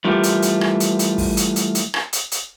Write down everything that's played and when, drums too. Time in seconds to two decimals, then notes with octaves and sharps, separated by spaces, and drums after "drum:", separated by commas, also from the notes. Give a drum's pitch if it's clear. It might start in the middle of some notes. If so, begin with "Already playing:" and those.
0.04 E3 G3 A3 F4 G4 A#4
0.23 drum: hi-hat
0.42 drum: hi-hat
0.61 drum: rim click
0.80 drum: hi-hat
0.99 drum: hi-hat
1.18 drum: kick, open hi-hat
1.37 drum: hi-hat
1.56 drum: hi-hat
1.75 drum: hi-hat
1.94 drum: rim click
2.13 drum: hi-hat
2.32 drum: hi-hat